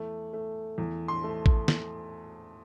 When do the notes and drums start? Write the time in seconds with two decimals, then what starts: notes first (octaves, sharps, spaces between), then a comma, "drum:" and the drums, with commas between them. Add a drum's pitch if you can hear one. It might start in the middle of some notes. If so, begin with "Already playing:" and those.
Already playing: E2 A3
0.33 A3
0.78 E2
1.08 C6
1.24 A3
1.46 drum: kick A1
1.68 drum: snare